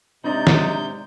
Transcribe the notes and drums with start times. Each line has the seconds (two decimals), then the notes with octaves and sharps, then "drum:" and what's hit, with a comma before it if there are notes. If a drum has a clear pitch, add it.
0.24 C3 G#3 C4 D4 D#4 D5 A#5 G6
0.47 drum: snare